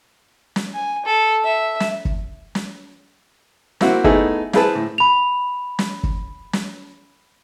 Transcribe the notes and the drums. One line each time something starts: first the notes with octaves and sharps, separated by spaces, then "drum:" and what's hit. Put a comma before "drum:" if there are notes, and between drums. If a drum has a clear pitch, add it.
drum: snare
G#5
A4
E5
drum: snare
drum: kick
drum: snare
A#3 C4 E4 F#4, drum: snare
A3 B3 D#4 E4 G#4 A4, drum: kick
C4 E4 G#4 B4 A5, drum: snare
A2
B5 F7
drum: snare
drum: kick
drum: snare